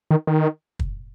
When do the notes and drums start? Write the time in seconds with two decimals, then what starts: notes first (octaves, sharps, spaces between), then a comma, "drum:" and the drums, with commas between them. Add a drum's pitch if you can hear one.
0.11 D#3
0.27 D#3
0.79 drum: kick